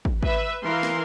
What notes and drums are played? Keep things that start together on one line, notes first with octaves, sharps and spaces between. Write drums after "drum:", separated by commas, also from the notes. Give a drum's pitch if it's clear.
drum: kick
B4 E5, drum: kick
E3 A#4 F5 C6
drum: snare